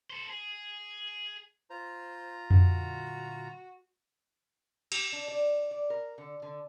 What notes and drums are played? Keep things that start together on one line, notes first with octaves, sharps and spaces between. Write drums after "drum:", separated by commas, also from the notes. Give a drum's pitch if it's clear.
A4 C5
G#4
F4 C5 A#5
A#2 D3 F#3 F#4, drum: tom F2
G4, drum: cymbal
D4
D5
D5
A#4
D3
D3